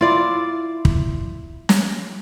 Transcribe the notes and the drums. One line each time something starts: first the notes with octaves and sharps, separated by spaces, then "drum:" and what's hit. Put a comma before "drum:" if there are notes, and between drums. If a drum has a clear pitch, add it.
E4 F4 D5
drum: kick
drum: snare